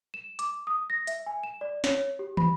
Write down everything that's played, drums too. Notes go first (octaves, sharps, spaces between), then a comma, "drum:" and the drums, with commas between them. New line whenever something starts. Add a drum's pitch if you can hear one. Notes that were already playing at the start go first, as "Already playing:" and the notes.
E7
D6, drum: hi-hat
D#6
A#6
E5, drum: hi-hat
G#5
E7
D5
C#5, drum: snare
G4
B5, drum: tom